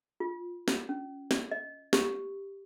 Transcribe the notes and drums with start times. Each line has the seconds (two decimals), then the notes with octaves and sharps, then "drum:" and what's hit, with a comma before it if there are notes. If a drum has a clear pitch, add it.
0.20 F4
0.68 drum: snare
0.89 C#4
1.31 drum: snare
1.51 D#5
1.93 G4, drum: snare